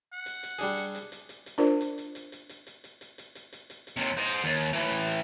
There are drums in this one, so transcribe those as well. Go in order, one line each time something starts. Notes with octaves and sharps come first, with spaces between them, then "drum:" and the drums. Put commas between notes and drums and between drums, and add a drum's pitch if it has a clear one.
F#5
drum: hi-hat
drum: hi-hat
G3 D4 G#4, drum: hi-hat
drum: hi-hat
drum: hi-hat
drum: hi-hat
drum: hi-hat
drum: hi-hat
D4 F4 A#4 C5 D5
drum: hi-hat
drum: hi-hat
drum: hi-hat
drum: hi-hat
drum: hi-hat
drum: hi-hat
drum: hi-hat
drum: hi-hat
drum: hi-hat
drum: hi-hat
drum: hi-hat
drum: hi-hat
drum: hi-hat
D#2 C3
C5 D#5
D#2
drum: hi-hat
A2 E3, drum: hi-hat
drum: hi-hat
drum: hi-hat